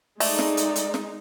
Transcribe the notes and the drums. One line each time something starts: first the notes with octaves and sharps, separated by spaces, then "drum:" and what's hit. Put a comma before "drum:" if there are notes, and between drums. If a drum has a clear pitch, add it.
G#3 A3 D#4 D5, drum: open hi-hat
drum: snare
drum: hi-hat
drum: hi-hat
drum: snare